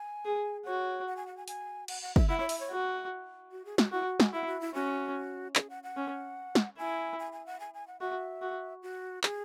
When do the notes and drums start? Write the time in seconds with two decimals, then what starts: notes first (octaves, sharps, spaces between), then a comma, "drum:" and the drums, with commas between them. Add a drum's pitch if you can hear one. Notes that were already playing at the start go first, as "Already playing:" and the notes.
Already playing: G#5
0.25 G#4
0.66 F#4 C#5
1.07 F#5
1.17 G#5
1.27 F#5
1.37 G#5
1.48 G#5, drum: hi-hat
1.88 F#5, drum: cymbal
2.02 F#5
2.16 E5, drum: kick
2.29 E4 F#5
2.39 C#5
2.49 E5, drum: open hi-hat
2.60 C#5
2.70 F#4
3.52 F#4
3.65 G#4
3.78 F#4, drum: snare
3.92 E4 F#4
4.06 F#4
4.20 G#5, drum: snare
4.33 E4 F#5
4.47 F#4
4.61 E4
4.74 C#4 F#4
5.55 G#4, drum: clap
5.70 F#5
5.83 F#5
5.97 C#4
6.55 drum: snare
6.78 E4 G#5
7.19 G#5
7.32 G#5
7.46 F#5
7.60 G#5
7.74 G#5
7.87 F#5
8.00 F#4 E5
8.42 F#4
8.83 F#4
9.23 G#4, drum: clap